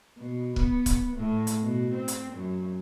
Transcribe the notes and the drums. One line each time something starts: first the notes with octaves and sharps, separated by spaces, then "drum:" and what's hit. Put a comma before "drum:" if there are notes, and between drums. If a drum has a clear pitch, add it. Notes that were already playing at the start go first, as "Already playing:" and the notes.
B2
B3, drum: kick
drum: kick, hi-hat
A2
drum: hi-hat
B2
C4
drum: hi-hat
F#2